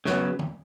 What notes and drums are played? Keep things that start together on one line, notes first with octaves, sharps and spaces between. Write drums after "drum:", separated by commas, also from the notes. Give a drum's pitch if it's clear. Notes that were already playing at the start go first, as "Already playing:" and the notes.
C#3 F#3 B3, drum: snare
drum: tom D3